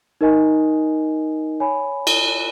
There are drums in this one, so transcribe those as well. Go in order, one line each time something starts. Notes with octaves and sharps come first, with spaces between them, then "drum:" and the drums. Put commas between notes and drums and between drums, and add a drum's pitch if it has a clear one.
D#4 A#4 D#5 G#5
C#5 G#5 B5
drum: cymbal